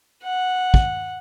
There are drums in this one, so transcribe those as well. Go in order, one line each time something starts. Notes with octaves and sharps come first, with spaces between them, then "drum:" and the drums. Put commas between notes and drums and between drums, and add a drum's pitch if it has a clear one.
F#5
drum: kick